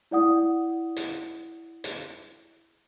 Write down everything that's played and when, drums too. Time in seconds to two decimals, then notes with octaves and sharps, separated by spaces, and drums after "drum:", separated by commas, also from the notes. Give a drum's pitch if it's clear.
0.11 E4 D5 F#5 D#6
0.97 drum: hi-hat
1.84 drum: hi-hat